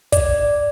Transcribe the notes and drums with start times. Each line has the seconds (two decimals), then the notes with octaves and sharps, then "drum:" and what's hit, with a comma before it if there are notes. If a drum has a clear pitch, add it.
0.12 D5, drum: kick, hi-hat